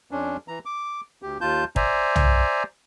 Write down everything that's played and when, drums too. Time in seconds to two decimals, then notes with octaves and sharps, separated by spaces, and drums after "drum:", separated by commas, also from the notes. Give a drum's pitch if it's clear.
0.11 F2 C#4 D4
0.48 E3 A#5
0.65 D6
1.22 D2 G4
1.41 D#2 F4 A5 G6
1.76 C5 D5 E5 G#5 A#5, drum: kick
2.15 drum: tom